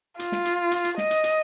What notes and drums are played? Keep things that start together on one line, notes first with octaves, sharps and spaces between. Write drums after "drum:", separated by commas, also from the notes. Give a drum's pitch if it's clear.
F4, drum: hi-hat
drum: snare
drum: hi-hat
drum: hi-hat
drum: hi-hat
D#5, drum: snare
drum: hi-hat
drum: hi-hat